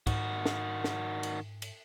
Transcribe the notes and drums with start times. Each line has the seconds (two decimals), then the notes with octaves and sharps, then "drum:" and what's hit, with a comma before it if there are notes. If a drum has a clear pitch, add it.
0.07 G#2 D#3 F#4, drum: kick, cymbal
0.46 drum: snare
0.84 drum: snare
1.23 drum: cymbal
1.62 drum: cymbal